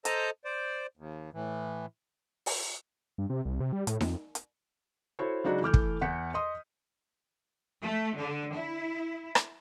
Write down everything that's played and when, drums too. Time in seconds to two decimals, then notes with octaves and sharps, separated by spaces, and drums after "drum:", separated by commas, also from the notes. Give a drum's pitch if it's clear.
0.05 A4 C5 D#5 A5 A#5, drum: hi-hat
0.45 C5 D5
0.97 D#2
1.33 A2 E3
2.46 drum: open hi-hat
3.18 G2
3.30 C3
3.45 C2
3.60 C3
3.72 G3
3.87 A2, drum: hi-hat
4.01 F2, drum: snare D#4
4.35 drum: hi-hat
5.19 E4 F#4 A4 C5 C#5
5.44 C#3 F#3 G#3 D4 D#4 F#4
5.62 E3 A3 D6 F6 G6
5.74 drum: kick
6.01 E2 F#5 G6 B6 C#7
6.34 D#5 C6 D#6
7.82 A3
8.16 D3
8.54 E4
9.35 drum: rim click